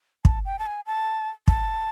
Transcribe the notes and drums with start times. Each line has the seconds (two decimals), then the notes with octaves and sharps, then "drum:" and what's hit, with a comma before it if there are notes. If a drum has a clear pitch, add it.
0.25 A5, drum: kick
0.45 G5
0.59 A5
0.66 G#5
0.86 A5
1.48 A5, drum: kick